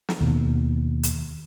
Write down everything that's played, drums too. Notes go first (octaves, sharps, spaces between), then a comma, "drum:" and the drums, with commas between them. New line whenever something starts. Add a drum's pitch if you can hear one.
drum: snare
D#2 B2
drum: hi-hat